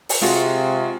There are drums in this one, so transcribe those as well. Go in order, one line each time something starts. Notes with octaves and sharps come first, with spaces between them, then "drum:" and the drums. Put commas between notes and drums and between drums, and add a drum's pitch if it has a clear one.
drum: open hi-hat
C3 G#3 F4 F#4